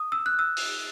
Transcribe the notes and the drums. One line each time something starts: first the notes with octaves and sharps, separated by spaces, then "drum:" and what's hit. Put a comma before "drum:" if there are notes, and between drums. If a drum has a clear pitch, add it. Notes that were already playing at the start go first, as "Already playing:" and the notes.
Already playing: D#6
E6
F#6
E6
drum: open hi-hat